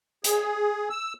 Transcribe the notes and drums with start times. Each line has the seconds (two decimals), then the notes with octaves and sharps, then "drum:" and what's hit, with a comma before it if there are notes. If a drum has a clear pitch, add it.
0.24 G#4, drum: hi-hat
0.90 E6